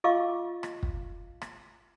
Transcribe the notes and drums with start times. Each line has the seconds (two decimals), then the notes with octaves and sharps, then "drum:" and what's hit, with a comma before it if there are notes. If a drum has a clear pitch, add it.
0.04 F4 D#5 F5 C#6 D6
0.63 drum: rim click
0.83 drum: kick
1.41 drum: rim click